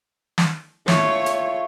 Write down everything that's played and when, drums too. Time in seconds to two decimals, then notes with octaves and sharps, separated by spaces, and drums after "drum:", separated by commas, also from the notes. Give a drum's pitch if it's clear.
0.38 drum: snare
0.88 A3 F4 C#5, drum: snare
1.26 drum: hi-hat